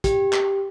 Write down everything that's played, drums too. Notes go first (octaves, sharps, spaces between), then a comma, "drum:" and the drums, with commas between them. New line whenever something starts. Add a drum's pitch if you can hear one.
G4, drum: kick, hi-hat
drum: clap